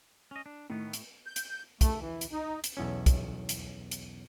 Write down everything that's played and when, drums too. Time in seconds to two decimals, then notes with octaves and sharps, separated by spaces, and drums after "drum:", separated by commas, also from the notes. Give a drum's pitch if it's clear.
0.31 C#4 D#5
0.46 D4
0.70 A2 D#3 B3
0.93 drum: hi-hat
1.26 G6
1.36 drum: hi-hat
1.81 A3, drum: kick, hi-hat
2.00 E3
2.21 drum: hi-hat
2.32 D#4
2.64 drum: hi-hat
2.77 B1 E2 C#4
3.06 drum: kick, hi-hat
3.49 drum: hi-hat
3.91 drum: hi-hat